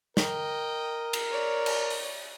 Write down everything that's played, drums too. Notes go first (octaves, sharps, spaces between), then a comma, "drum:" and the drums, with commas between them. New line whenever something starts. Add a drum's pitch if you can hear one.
A#4 D#5 G5, drum: snare
drum: cymbal
C#5 D5
drum: cymbal
drum: open hi-hat